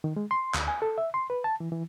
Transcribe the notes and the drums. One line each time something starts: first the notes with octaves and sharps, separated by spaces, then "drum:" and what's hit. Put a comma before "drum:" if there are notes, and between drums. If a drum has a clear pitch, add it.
D#3
G#3
C6
D2, drum: clap
G#5
A4
E5
C6
B4
A5
E3
E3